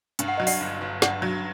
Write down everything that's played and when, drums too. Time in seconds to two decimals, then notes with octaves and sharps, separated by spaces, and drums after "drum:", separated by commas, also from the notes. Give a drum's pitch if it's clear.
0.19 G2 G5, drum: hi-hat
0.28 F#5
0.38 F#3 D#5
0.47 D5 F#5, drum: open hi-hat
0.60 G1
0.81 G1
1.02 G2 D5 F#5, drum: snare
1.22 F#3